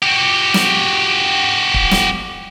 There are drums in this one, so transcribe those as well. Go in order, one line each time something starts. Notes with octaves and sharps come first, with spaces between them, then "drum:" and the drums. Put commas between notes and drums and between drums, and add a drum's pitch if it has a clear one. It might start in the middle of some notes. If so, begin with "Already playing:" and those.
F#4 G4
drum: snare
drum: kick
drum: snare